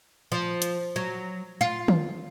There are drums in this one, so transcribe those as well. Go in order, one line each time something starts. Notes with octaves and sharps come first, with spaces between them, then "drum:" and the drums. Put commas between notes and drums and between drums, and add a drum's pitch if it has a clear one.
F3
drum: hi-hat
F#3
F4
drum: tom